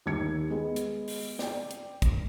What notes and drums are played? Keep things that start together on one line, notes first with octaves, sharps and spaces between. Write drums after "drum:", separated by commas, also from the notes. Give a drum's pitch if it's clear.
D#2 G3 G#6 C#7
G#3 B3
drum: hi-hat
drum: open hi-hat
D5 G5, drum: snare
drum: hi-hat
drum: kick, hi-hat